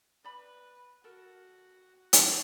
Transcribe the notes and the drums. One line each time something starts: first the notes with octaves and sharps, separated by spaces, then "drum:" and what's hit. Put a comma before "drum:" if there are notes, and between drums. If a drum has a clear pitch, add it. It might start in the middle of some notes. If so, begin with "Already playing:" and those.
B4 D5 B5
F#4 A4 A#4
drum: hi-hat